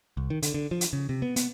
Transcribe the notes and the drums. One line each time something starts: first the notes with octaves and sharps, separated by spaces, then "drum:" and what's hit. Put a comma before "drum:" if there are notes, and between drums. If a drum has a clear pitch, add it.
C2
D#3
D3, drum: hi-hat
D3
F3
drum: hi-hat
C#3
C3
B3
B3, drum: hi-hat